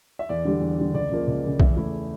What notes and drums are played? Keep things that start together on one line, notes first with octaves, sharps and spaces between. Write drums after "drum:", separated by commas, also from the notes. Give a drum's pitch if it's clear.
E5
E2 D5
D3 G3
E2
D3 G3
C#2 D5
C#3 F3 A#3
C#2
C#3 F3 A#3
E2 E5, drum: kick B1
C#3 E3 A3 E4